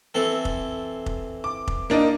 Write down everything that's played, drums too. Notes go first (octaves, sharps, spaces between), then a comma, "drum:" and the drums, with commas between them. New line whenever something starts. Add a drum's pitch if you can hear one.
E3 C4 A4
drum: kick F1
drum: kick F1
D6
drum: kick F1
A#3 D4 D#4